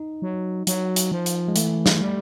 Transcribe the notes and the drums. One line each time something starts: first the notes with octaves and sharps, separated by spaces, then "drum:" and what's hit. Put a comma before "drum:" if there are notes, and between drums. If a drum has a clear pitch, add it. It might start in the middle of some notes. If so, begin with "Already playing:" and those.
Already playing: D#4
F#3
F#3, drum: hi-hat
drum: hi-hat
F3
drum: hi-hat
G#3
E3 A3, drum: hi-hat
drum: snare
G3